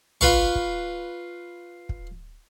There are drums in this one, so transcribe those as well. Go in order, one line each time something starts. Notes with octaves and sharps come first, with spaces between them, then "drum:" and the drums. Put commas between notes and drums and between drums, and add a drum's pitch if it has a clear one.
F4 B4 F5 C#6, drum: tom
drum: kick
drum: kick